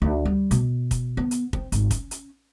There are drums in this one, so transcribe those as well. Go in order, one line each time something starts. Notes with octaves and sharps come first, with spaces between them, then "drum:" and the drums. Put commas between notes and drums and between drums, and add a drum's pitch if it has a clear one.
D2
G3
B2, drum: hi-hat
drum: kick, hi-hat
B3
drum: hi-hat
C4, drum: kick
G#1, drum: hi-hat
C#4, drum: kick, hi-hat
drum: hi-hat